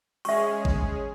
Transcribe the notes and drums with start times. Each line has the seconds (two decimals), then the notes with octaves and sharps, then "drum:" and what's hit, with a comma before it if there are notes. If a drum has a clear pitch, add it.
0.25 G#3 C#4 G#4 E5 C#6, drum: open hi-hat
0.65 drum: kick A1